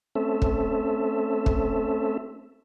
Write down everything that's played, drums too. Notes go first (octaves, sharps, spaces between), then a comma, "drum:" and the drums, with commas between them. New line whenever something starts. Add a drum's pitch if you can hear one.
A3 C4 C#4 A4 E5
drum: kick
drum: kick